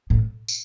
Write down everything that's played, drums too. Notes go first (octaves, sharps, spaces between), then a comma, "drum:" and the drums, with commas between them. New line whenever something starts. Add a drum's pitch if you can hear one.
A2
drum: tambourine